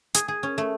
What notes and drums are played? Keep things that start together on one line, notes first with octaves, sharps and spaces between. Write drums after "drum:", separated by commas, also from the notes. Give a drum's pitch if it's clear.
G#4, drum: hi-hat
G#4
C#4
A3